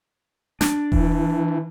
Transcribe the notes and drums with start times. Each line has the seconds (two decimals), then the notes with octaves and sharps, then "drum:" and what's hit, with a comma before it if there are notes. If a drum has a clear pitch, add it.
0.61 D4, drum: snare
0.92 E3, drum: kick E1